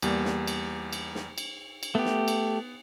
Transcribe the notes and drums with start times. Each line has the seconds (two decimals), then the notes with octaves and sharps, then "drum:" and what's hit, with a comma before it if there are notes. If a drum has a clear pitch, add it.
0.02 E2 G3 A#3, drum: cymbal
0.25 drum: snare
0.47 drum: cymbal
0.93 drum: cymbal
1.15 drum: snare
1.38 drum: cymbal
1.83 drum: cymbal
1.95 A3 B3 G4
2.05 drum: snare
2.28 drum: cymbal